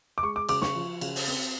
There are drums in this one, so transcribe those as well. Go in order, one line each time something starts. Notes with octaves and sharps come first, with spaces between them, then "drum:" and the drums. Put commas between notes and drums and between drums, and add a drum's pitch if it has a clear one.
D6
G#3 C#6
D6
C#3 D6, drum: cymbal
C#6, drum: snare
F3
C#3, drum: cymbal
drum: open hi-hat
C4